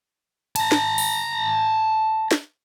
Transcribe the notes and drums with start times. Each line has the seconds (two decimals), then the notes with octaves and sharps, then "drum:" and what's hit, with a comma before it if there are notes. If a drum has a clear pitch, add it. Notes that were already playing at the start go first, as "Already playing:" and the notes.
0.56 A5 A#5, drum: cymbal
0.72 drum: snare
0.98 drum: open hi-hat
2.31 drum: snare